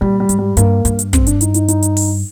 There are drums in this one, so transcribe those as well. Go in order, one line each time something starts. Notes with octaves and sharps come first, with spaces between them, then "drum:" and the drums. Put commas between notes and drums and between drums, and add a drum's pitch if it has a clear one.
A#2 G3
G3
G#2, drum: hi-hat
G3
G2 A#3, drum: hi-hat
G2, drum: hi-hat
drum: hi-hat
C4, drum: kick, hi-hat
D4, drum: hi-hat
D#4, drum: hi-hat
D#4, drum: hi-hat
D#4, drum: hi-hat
drum: hi-hat
drum: open hi-hat